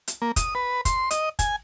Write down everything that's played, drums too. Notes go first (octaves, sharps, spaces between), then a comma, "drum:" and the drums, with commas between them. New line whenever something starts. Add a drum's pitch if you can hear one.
drum: hi-hat
A#3
D#6, drum: kick, hi-hat
B4
C6, drum: kick, hi-hat
D#5, drum: hi-hat
G#5, drum: kick, hi-hat